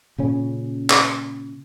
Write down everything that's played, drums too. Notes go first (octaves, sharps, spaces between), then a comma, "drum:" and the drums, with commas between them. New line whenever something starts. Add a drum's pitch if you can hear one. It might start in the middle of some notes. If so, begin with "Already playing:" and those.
A#2 C#3 C#4
drum: clap